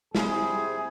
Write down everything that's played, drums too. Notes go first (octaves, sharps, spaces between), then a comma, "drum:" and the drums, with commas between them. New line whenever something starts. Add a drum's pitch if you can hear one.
C2 E4 G#4 C5, drum: snare